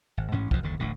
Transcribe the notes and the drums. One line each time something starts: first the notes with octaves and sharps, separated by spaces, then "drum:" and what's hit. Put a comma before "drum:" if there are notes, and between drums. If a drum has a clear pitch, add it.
G#1
A1 G#2 C#4
E1 F#2 B2 F3, drum: kick
F#1 D#2 D3
D1 A1 D3